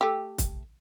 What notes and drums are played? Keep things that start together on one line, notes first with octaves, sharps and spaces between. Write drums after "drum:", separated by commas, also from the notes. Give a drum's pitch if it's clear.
A3 G4
drum: kick, hi-hat